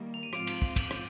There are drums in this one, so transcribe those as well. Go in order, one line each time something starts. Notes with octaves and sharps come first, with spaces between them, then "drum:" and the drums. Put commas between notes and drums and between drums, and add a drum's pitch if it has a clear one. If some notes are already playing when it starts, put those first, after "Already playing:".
Already playing: D#3 G3 A#3
F7
D#7
G#2 F3 C4 F4 D6 D7, drum: rim click
drum: cymbal
drum: kick
drum: kick, cymbal
drum: rim click